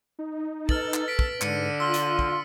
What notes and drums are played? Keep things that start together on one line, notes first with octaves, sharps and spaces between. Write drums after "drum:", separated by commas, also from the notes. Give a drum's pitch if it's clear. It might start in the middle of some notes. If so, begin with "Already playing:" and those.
D#4
A4 B4 F6 A6 F#7, drum: kick
drum: clap
B6 D7
drum: kick
G#2 D3 C#7 D#7, drum: clap
F4 C6 E6 F6 B6
drum: hi-hat
drum: kick